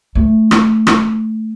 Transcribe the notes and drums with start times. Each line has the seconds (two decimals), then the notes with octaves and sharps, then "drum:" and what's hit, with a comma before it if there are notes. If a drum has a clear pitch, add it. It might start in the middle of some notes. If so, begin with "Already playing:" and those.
0.15 A3
0.51 drum: rim click
0.87 drum: rim click